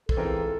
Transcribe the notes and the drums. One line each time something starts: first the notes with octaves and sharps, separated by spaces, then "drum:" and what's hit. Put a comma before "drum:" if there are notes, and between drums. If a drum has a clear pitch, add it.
A4, drum: kick
E3 G#3 C4 F4 A#4